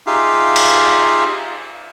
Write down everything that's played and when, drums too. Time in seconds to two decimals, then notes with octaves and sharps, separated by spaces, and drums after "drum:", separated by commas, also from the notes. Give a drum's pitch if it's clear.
0.07 D#4 F4 G4 G#4 E5 F5
0.56 drum: cymbal